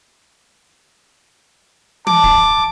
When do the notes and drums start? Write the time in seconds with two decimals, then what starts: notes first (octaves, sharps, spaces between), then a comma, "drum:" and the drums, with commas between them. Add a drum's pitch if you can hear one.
2.07 A5 D6, drum: tom
2.23 drum: kick